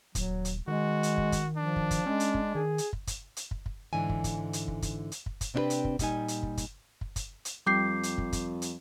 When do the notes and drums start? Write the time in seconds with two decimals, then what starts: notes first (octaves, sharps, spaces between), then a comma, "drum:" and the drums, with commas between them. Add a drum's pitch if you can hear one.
0.15 D#1 F#3, drum: kick, hi-hat
0.45 drum: hi-hat
0.68 D#3 G#3 F#4
1.03 drum: hi-hat
1.18 drum: kick
1.32 drum: kick, hi-hat
1.57 F3 D4
1.76 drum: kick
1.91 drum: kick, hi-hat
2.06 G#3 C#4
2.20 drum: hi-hat
2.34 drum: kick
2.55 D#3 G#4
2.78 drum: hi-hat
2.93 drum: kick
3.07 drum: kick, hi-hat
3.37 drum: hi-hat
3.51 drum: kick
3.66 drum: kick
3.93 G#2 D3 E3 G#5
4.09 drum: kick
4.24 drum: kick, hi-hat
4.53 drum: hi-hat
4.68 drum: kick
4.82 drum: kick, hi-hat
5.12 drum: hi-hat
5.26 drum: kick
5.41 drum: kick, hi-hat
5.54 C3 C4 D4 E4 G4 B4
5.70 drum: hi-hat
5.85 drum: kick
5.99 A#2 G3 D#4 G#5, drum: kick, hi-hat
6.28 drum: hi-hat
6.43 drum: kick
6.57 drum: kick, hi-hat
7.01 drum: kick
7.16 drum: kick, hi-hat
7.45 drum: hi-hat
7.67 F2 G3 D6 G6 C7
8.03 drum: hi-hat
8.18 drum: kick
8.33 drum: kick, hi-hat
8.62 drum: hi-hat